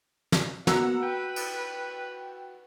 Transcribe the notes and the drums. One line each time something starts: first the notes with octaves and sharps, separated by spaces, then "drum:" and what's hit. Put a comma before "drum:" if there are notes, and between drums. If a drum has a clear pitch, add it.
drum: snare
A#3 B3 F#4 F#5 A#5 E6, drum: snare
B4 G5
drum: cymbal